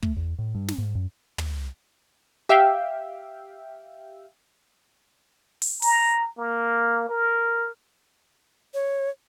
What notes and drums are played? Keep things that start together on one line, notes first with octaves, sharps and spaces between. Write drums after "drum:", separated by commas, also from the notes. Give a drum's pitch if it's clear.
A3, drum: kick
E2
A2
G2
drum: snare
G#2
F#2
drum: tom
G4 E5 F5 G5
drum: open hi-hat
A#5, drum: open hi-hat
A#3
A#4
C#5